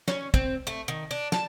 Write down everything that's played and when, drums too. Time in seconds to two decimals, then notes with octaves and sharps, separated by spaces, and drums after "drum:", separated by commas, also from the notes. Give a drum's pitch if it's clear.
0.08 C#4, drum: snare
0.34 C4, drum: kick
0.67 A3
0.88 D#3
1.11 D4
1.32 A5, drum: snare